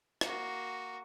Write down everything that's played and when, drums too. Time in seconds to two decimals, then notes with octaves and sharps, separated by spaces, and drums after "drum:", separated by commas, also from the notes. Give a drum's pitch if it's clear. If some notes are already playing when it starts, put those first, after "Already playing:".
0.21 A#3 F#4, drum: rim click